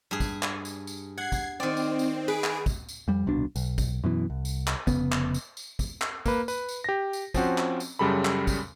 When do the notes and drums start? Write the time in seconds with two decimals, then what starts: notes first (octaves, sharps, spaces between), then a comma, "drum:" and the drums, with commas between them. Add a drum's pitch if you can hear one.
0.11 G2 G#4
0.20 drum: kick, tambourine
0.43 drum: clap
0.65 drum: tambourine
0.87 drum: tambourine
1.18 F#5 G#6 C7
1.32 drum: kick, tambourine
1.60 D#3 C4 D5
1.77 drum: tambourine
1.99 drum: tambourine
2.28 G#4 B4 D7
2.44 drum: clap
2.66 drum: kick, tambourine
2.89 drum: tambourine
3.08 F2 G3
3.26 D#1 C2 B2 D4
3.56 B1, drum: tambourine
3.78 drum: kick, tambourine
4.04 F#2 B2 E3
4.30 C2
4.45 drum: tambourine
4.67 drum: clap
4.87 F1 C#3 B3, drum: kick, tambourine
5.12 drum: clap
5.34 drum: tambourine
5.57 drum: tambourine
5.79 drum: kick, tambourine
6.01 drum: clap
6.26 A#3 B4, drum: kick, tambourine
6.48 B4, drum: tambourine
6.69 drum: tambourine
6.84 G4 A#6
7.13 drum: tambourine
7.34 F3 C4 C#4 F#4, drum: kick, tambourine
7.58 drum: clap
7.80 drum: tambourine
7.99 F#2 C#3 G3 A4 B5
8.25 drum: clap
8.47 drum: kick, tambourine